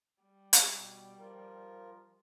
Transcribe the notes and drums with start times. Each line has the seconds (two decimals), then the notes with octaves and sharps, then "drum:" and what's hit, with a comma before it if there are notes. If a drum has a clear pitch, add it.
0.23 G3
0.53 drum: hi-hat
0.72 B2
1.19 F3 F4 A#4